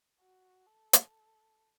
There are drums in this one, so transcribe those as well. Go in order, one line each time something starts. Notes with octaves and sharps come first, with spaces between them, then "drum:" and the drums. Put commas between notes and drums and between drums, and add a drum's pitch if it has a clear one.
F#4
A4
drum: hi-hat